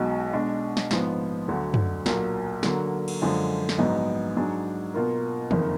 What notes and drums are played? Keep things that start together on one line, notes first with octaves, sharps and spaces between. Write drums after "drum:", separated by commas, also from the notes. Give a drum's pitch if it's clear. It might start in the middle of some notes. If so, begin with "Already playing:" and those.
Already playing: B1 B2 G#3 D#4 F#4
B2 G#3 D4
drum: snare
A#1 G#2 F3 B3, drum: snare
D2 D3 F#3
drum: tom
B1 A#2 F#3 A#3, drum: snare
D3 F#3 A#3, drum: snare
drum: cymbal
F#2 D3 F3 G#3
drum: snare
A#1 G#2 F#3 B3 D#4
G#2 F#3 D4 G#4
B2 A#3 F4 A#4
F#1 F2 D#3 A#3, drum: tom